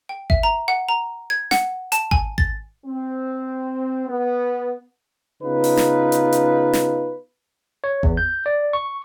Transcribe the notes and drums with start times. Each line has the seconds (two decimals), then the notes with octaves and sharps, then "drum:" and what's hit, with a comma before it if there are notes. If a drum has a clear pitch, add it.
0.09 G5
0.30 E5, drum: kick G#1
0.43 A#5
0.68 F#5
0.89 A#5
1.30 G#6
1.51 F#5, drum: snare
1.92 A5, drum: hi-hat
2.11 G#5, drum: kick G#1
2.38 A6, drum: kick G#1
2.86 C4
4.07 B3
5.43 C#3 B3 D#4 F4 B4
5.64 drum: open hi-hat
5.77 drum: snare
6.12 drum: hi-hat
6.32 drum: hi-hat
6.73 drum: snare
7.84 C#5
8.03 E2, drum: kick G#1
8.17 G6
8.46 D5
8.73 C#6